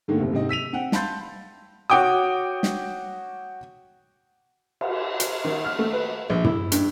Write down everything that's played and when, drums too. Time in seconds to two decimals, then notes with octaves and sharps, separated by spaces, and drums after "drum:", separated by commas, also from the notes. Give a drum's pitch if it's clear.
0.08 G#2 D3 D#3 A3 A#3
0.19 F#1 C3
0.32 G#2 C3 C4 D#5
0.49 E6 B6 D#7 F7
0.73 C4 F#5 G5
0.92 F5 A5 B5 C6 G6 A6, drum: snare
1.90 F#4 C#5 G5 D6 D#6
2.63 drum: snare
4.81 drum: cymbal
5.20 drum: hi-hat
5.44 D#3
5.65 F6
5.79 A3
5.93 B4
6.30 A#1
6.44 E4, drum: tom
6.72 G2, drum: hi-hat